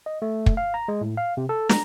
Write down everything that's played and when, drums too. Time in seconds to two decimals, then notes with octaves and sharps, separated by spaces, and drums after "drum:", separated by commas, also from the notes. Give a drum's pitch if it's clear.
0.06 D#5
0.22 A3
0.46 drum: kick
0.57 F5
0.74 A#5
0.88 G#3
1.01 A2
1.17 F5
1.37 C3
1.49 A4
1.69 A#5, drum: snare